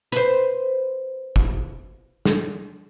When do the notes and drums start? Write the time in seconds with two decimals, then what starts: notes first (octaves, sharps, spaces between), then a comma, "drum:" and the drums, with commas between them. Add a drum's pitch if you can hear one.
0.12 B4 C5, drum: hi-hat
1.36 drum: kick
2.25 drum: snare